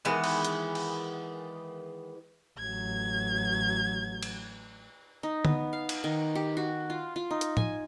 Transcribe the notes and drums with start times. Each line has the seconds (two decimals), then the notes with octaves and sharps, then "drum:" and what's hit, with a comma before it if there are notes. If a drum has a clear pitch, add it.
0.05 D#3 E3 G#3 B3
0.24 drum: cymbal
0.45 drum: hi-hat
0.75 drum: cymbal
2.59 A1 F#3 G#6
4.23 drum: cymbal
5.23 D#4
5.45 B3, drum: tom D3
5.73 F5
5.89 drum: cymbal
6.04 D#3
6.35 G4
6.57 F#4
6.90 F4
7.16 F4
7.31 D#4
7.41 drum: hi-hat
7.57 G#5, drum: tom A2